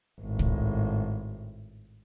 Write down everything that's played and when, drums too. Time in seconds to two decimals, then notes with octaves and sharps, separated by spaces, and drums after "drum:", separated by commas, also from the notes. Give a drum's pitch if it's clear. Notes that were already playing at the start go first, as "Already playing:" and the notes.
0.21 G#1 A2
0.39 drum: kick